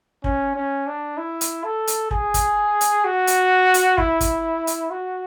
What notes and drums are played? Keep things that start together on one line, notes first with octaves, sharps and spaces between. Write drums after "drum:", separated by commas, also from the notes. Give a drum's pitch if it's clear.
C#4, drum: kick
C#4
D4
E4
drum: hi-hat
A4
drum: hi-hat
G#4, drum: kick
drum: kick, hi-hat
drum: hi-hat
F#4
drum: hi-hat
drum: hi-hat
E4, drum: kick
drum: kick, hi-hat
drum: hi-hat
F#4